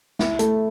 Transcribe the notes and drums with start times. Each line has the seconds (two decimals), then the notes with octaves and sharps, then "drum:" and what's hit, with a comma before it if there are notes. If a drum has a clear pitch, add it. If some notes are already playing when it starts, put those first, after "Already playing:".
0.19 E4, drum: snare
0.39 A3, drum: hi-hat